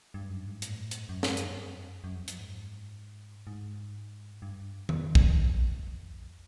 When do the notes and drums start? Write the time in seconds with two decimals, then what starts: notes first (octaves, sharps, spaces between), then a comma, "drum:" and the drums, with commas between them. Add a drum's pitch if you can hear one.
0.14 G2
0.29 F#2
0.46 G#2
0.62 A2, drum: hi-hat
0.91 drum: hi-hat
1.09 F#2
1.23 G2, drum: snare
1.37 F#2, drum: hi-hat
1.51 G2
1.66 F#2
2.04 F#2
2.15 F2
2.28 F#2, drum: hi-hat
2.39 G#2
3.47 G#2
4.42 G2
4.89 F2, drum: tom D#3
5.15 drum: kick A#1